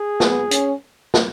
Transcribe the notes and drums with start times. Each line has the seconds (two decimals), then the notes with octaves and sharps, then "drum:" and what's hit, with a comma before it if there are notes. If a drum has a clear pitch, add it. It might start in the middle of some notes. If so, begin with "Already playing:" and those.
Already playing: G#4
0.20 B3, drum: snare
0.51 C#4, drum: hi-hat
1.14 drum: snare